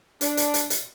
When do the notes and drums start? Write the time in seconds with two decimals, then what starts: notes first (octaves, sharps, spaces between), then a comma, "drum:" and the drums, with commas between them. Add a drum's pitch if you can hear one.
0.21 D4, drum: hi-hat
0.37 drum: hi-hat
0.54 drum: hi-hat
0.70 drum: hi-hat